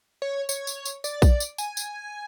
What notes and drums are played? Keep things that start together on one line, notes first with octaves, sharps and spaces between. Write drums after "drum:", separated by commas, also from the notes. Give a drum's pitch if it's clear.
C#5
C#5, drum: tambourine
drum: tambourine
drum: tambourine
D5, drum: tambourine
drum: kick A#1, tambourine
drum: tambourine
G#5, drum: tambourine
drum: tambourine